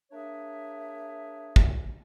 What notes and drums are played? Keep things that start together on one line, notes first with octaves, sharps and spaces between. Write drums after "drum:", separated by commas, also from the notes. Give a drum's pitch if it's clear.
A#3 D4 G#4 C#5 E5
drum: kick